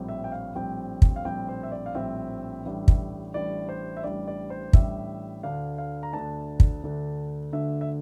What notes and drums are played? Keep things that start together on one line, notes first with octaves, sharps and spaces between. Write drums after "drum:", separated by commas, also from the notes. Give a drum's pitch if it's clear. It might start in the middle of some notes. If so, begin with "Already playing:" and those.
Already playing: A#1 A2 G3 C4
E5
G5
F5
A#1 A2 G3 C4 G5
drum: kick
F5
A#1 A2 G3 C4 G5
C5
E5
D5
F5
A#1 A2 G3 C4 E5
A1 A2 G3 D4
drum: kick
A1 A2 G3 D4 D5
C5
E5
A1 A2 G3 D4 D5
D5
C5
A1 A2 G3 D4 E5, drum: kick
D2 D3 A3 D4 F5
F5
A#5
D2 D3 A3 D4 A5
drum: kick
D2 D3 A3 D4
D2 D3 A3 D4 E5
E5